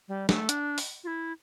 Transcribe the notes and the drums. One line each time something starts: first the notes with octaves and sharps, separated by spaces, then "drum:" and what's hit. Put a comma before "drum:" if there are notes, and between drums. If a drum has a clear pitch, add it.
G3
A3, drum: snare
D4, drum: hi-hat
drum: open hi-hat
F4
E4